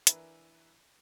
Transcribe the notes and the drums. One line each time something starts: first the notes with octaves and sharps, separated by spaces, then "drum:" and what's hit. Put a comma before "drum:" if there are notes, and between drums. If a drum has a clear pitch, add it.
E3 D4 E4 A#4 B4, drum: hi-hat